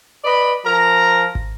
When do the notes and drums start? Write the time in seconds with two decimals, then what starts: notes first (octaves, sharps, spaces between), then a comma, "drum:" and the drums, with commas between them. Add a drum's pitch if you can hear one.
0.24 B4 D5 D#5 B5
0.65 F3 A#4 A#5
1.35 drum: kick